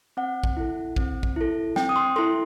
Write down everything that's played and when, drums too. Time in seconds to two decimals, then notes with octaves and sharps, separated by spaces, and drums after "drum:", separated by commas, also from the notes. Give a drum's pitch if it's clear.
0.17 C4 F#5
0.44 drum: kick
0.57 E4 A4
0.96 C4, drum: kick
1.23 drum: kick
1.36 E4 A4
1.76 C4 G5, drum: snare
1.89 D#6
1.96 C6
2.16 E4 A4 C6